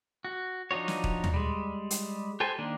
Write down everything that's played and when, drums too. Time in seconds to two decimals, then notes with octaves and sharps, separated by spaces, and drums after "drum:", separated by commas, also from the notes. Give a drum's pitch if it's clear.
0.25 F#4
0.71 F3 D4 D#4 F#4 C#5
0.88 drum: snare
1.04 drum: kick D#1
1.24 drum: tom
1.34 G3 G#3
1.91 drum: hi-hat
2.40 G4 A4 C5 G#5
2.59 D#3 A#3 D4